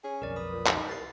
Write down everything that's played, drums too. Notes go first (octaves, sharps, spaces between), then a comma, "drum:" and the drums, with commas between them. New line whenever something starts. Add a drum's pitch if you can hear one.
C#4 G#4
B1 F2 A#4 D5
B4 D#6
A#2
D#4, drum: clap
C2 A6 C7